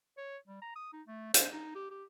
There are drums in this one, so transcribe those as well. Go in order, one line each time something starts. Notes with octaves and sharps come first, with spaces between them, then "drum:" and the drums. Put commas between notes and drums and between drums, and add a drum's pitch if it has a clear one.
C#5
G3
A#5
D#6
D#4
A3
C5, drum: hi-hat
D#4
G4
G4